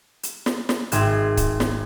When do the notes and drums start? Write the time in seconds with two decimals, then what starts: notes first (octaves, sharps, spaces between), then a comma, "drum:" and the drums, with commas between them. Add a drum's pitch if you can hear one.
0.23 drum: hi-hat
0.46 drum: snare
0.69 drum: snare
0.92 G#1 G#4 E5 C6 G#6, drum: hi-hat
1.37 drum: kick, hi-hat
1.60 drum: snare